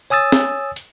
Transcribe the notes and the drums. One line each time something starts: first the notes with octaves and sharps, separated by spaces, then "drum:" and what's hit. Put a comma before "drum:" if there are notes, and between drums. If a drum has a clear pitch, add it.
C#5 G#5 D#6 E6 A6
drum: snare C4
drum: hi-hat